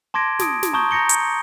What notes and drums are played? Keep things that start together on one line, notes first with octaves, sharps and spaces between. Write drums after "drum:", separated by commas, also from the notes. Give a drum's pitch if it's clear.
A5 C6 D6 G#6 A#6 D7
A5 D#6 D7, drum: snare
drum: snare
A5 A#5 C#6 D#6 G6 G7
A#5 G6 A#6 C#7 G7
drum: hi-hat